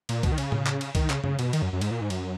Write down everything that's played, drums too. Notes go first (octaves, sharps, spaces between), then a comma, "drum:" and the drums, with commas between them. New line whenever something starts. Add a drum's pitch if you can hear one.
A#2, drum: cymbal
B2, drum: kick C2, cymbal
D#3
C#3, drum: cymbal
drum: tom A2
drum: clap
drum: cymbal
D#3, drum: kick C2, cymbal
C#3, drum: clap
C#3, drum: tom
B2, drum: cymbal
D#3, drum: cymbal
F#2
F#2
G#2, drum: cymbal
A#2
G#2
F#2, drum: cymbal